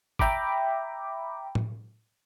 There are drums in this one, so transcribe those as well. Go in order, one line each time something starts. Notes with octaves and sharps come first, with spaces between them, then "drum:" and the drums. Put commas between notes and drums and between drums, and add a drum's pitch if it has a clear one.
E5 G5 A#5 B5 D6, drum: kick
drum: tom A2